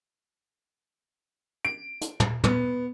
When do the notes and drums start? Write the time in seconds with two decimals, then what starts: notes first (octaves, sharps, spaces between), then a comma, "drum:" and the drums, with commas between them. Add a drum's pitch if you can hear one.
1.65 D7
2.01 drum: hi-hat
2.20 drum: tom
2.44 B3, drum: tom